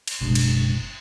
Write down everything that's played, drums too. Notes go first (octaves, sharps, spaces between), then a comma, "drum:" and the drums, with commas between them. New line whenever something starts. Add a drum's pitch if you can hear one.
drum: cymbal
F#1 B2 G#3 D4
drum: cymbal